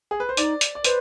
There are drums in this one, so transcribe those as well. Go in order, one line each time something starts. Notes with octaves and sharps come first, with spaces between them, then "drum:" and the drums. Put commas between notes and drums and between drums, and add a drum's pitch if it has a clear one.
G#4
B4
C5
D#4 D5, drum: hi-hat
drum: hi-hat
D5
B4 C5, drum: hi-hat